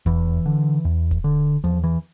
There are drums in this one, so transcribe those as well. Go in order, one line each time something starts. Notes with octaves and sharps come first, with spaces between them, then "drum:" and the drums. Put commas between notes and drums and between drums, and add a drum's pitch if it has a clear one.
E2 E3, drum: kick D#1, hi-hat
D3
E2
drum: kick D#1, hi-hat
D3
E2 F3, drum: hi-hat
E3